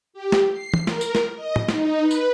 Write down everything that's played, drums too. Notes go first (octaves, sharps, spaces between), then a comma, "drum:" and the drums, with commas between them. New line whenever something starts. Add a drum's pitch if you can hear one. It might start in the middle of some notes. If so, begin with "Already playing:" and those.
G4
drum: snare
C7
drum: tom
A#4, drum: snare
drum: tambourine
drum: snare
D#5
drum: tom
D#4, drum: snare
B4
drum: tambourine